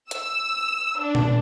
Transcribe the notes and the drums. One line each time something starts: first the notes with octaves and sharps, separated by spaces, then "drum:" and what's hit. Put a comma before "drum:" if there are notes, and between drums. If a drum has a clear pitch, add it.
E6, drum: hi-hat
D4
drum: tom A#2